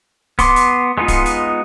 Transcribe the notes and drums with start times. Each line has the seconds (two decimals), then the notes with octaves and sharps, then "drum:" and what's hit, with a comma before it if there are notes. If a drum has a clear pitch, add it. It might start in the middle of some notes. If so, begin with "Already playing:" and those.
0.39 B3 C6 D6, drum: kick D1, hi-hat
0.56 drum: hi-hat
0.98 G#3 B3 D#4 F4
1.08 drum: kick D1, hi-hat
1.26 drum: hi-hat